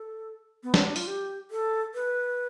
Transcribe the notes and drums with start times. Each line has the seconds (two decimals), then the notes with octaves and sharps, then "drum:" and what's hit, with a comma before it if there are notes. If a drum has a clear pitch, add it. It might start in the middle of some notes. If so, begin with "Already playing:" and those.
Already playing: A4
0.63 B3
0.74 C4, drum: snare
0.85 D4
0.96 F4, drum: open hi-hat
1.07 G4
1.51 A4
1.94 B4